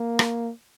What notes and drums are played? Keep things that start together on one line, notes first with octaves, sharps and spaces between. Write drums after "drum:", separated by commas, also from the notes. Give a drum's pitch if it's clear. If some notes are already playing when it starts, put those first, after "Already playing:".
Already playing: A#3
drum: rim click